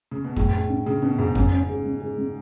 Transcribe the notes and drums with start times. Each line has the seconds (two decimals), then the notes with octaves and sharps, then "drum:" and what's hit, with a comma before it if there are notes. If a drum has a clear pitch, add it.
0.11 C#3
0.24 B2
0.36 A2 G#4, drum: kick F2
0.53 G#4
0.69 D4
0.86 C#3 G#4
1.02 B2 D4
1.19 G#2 G#4
1.35 G#2 C#4, drum: kick F2
1.53 C#4
1.69 G#4
1.86 G#3
2.02 G#4
2.18 G#3